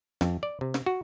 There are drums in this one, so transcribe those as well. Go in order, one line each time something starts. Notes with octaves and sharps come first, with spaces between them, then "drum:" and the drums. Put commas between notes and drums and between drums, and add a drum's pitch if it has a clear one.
F2, drum: snare
D5
C3
drum: snare
F#4